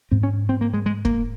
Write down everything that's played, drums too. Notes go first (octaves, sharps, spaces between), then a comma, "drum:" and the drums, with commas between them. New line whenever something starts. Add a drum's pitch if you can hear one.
G#2 C4
C#4
C4
A#3
G#3
G#3
A#3, drum: kick